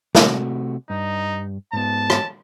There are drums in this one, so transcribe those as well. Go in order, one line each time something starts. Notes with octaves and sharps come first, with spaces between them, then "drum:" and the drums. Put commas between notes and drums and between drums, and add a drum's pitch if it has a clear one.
C3 A3 F#4, drum: snare
G2 D#4
G#2 B3 A5
drum: rim click